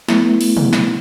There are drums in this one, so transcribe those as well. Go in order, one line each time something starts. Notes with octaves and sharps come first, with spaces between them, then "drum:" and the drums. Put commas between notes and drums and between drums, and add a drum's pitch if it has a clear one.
A3 B3 E4, drum: snare
drum: open hi-hat
drum: tom
drum: snare